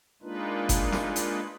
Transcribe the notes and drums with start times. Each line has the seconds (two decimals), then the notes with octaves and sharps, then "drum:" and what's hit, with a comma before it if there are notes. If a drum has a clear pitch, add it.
0.22 G#3 A#3 D4 D#4 F4 B4
0.69 drum: kick F#1, hi-hat
0.92 drum: snare
1.16 drum: hi-hat